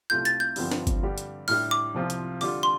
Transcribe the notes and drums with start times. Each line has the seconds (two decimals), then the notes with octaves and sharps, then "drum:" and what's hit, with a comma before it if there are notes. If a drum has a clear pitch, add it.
0.10 C2 C3 A3 F4 G6
0.25 A6, drum: hi-hat
0.40 G6
0.56 G2 D3 F3 C4 G4, drum: open hi-hat
0.71 drum: snare
0.87 drum: kick G1, hi-hat
1.03 G2 D3 G3 D4 G4
1.18 drum: hi-hat
1.48 A2 G3 D4 G4 F6, drum: open hi-hat
1.71 D6
1.94 C2 C3 F3 C4 F4
2.10 drum: hi-hat
2.41 D3 G3 D4 F4 D6, drum: open hi-hat
2.63 C6